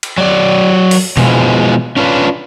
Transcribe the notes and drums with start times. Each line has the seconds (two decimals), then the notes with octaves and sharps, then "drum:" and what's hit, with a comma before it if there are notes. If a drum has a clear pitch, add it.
0.03 drum: cymbal
0.18 F#3 D5
0.91 drum: open hi-hat
1.17 B2 E3 F3 G3 G#3, drum: tom B2
1.97 C#4 D4 F4 B4